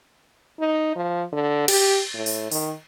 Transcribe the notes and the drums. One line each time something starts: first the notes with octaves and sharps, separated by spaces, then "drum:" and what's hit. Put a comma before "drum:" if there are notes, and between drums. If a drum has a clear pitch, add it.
D#4
F3
D3
G4, drum: cymbal
A2
drum: open hi-hat
D#3, drum: open hi-hat